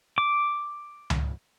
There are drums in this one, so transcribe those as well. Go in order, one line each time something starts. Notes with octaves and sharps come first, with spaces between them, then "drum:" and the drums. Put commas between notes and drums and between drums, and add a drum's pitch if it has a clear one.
D6
drum: tom C#2